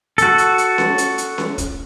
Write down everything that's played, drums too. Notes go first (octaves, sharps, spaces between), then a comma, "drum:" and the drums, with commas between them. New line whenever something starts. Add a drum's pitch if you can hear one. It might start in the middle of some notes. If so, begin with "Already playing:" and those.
F#4 A4, drum: hi-hat
drum: hi-hat
drum: hi-hat
drum: snare C#4
drum: hi-hat
drum: hi-hat
drum: snare C#4
drum: kick, hi-hat